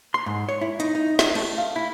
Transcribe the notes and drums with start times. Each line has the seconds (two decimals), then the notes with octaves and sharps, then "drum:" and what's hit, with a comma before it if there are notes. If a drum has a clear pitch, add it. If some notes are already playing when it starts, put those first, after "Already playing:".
0.14 C6
0.26 G#2
0.49 C#5
0.61 E4
0.80 D#4, drum: hi-hat
0.95 D#4
1.19 E5, drum: snare
1.35 A3, drum: cymbal
1.58 F5
1.76 E4